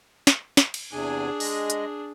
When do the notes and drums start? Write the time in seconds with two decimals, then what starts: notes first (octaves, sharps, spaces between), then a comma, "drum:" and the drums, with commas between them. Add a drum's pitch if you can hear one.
0.27 drum: snare
0.57 drum: snare
0.74 drum: cymbal
0.93 E2 C3 D4 G#4 G#5
1.40 G#3 D#5, drum: open hi-hat
1.70 drum: hi-hat